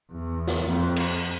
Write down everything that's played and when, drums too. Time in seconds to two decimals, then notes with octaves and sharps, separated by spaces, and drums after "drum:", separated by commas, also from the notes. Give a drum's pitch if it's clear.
0.11 E2
0.48 drum: snare
0.66 F2
0.96 drum: cymbal